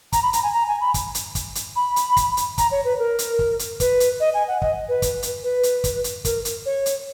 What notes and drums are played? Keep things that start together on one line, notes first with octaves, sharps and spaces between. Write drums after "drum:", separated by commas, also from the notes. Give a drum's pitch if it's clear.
A#5, drum: kick, hi-hat
B5
A#5, drum: hi-hat
G#5
A#5
G#5
B5
drum: kick, hi-hat
drum: hi-hat
drum: kick, hi-hat
drum: hi-hat
B5
drum: hi-hat
drum: kick, hi-hat
drum: hi-hat
A#5, drum: kick, hi-hat
C#5
B4
A#4
drum: hi-hat
drum: kick
drum: hi-hat
B4, drum: kick, hi-hat
drum: hi-hat
D#5
G#5
F#5
D#5, drum: kick
B4
drum: kick, hi-hat
drum: hi-hat
B4
drum: hi-hat
drum: kick, hi-hat
drum: hi-hat
A#4, drum: kick, hi-hat
drum: hi-hat
C#5
drum: hi-hat